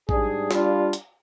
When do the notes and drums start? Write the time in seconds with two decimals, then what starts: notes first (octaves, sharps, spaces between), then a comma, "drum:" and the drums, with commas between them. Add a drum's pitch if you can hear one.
0.09 G#2 G3 D4 G#4, drum: kick A1
0.51 G3 D4 F4, drum: snare
0.93 drum: hi-hat